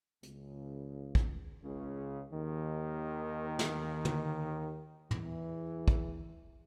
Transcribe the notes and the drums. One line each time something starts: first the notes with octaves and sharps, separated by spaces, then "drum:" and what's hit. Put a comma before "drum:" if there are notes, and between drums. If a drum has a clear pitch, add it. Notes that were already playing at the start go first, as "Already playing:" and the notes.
C#2 C#3, drum: hi-hat
drum: kick
C#2 C#3
D#2 D#3
drum: snare
drum: tom
E2 E3, drum: tom
drum: kick